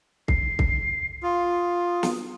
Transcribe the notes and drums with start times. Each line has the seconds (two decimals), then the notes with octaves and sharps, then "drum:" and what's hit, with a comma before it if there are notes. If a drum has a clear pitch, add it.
0.28 C7, drum: kick
0.59 drum: kick
1.23 F4 D#6
2.03 drum: snare